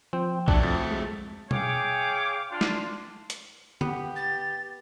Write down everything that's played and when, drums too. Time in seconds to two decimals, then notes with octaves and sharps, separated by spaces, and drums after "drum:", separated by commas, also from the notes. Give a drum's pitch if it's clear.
0.13 F3 C4 G5
0.48 F#3 A3 D4, drum: kick A#1
0.63 F2
0.91 G#3
1.51 G#4 C#5 F5 G5 G#5 D6, drum: tom B2
2.51 D4 F4 C6
2.61 drum: snare
3.30 drum: hi-hat
3.81 B3 G4, drum: tom D3
4.16 A6